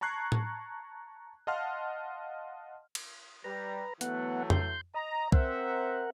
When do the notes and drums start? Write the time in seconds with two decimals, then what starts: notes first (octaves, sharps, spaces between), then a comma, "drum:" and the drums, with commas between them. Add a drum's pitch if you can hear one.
0.01 A5 A#5 C#6 F#6 G#6 C7
0.32 drum: tom A2
1.47 D#5 F5 F#5 A5 C6 F6
2.95 drum: cymbal
3.44 G3 B4 A#5
4.01 E3 F#3 A3 B3 F#5, drum: hi-hat
4.50 C6 G6, drum: tom F2
4.94 D#5 A#5
5.32 C4 A#4 C5 E5 F#5, drum: kick